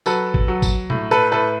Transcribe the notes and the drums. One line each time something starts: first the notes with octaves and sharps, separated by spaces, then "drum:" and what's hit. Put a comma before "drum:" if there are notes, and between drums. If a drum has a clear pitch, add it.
F#3 A4 B4, drum: tambourine
drum: kick G#1
F#3
drum: kick G#1, tambourine
A2, drum: tom B2
A4 B4
A2 A4 B4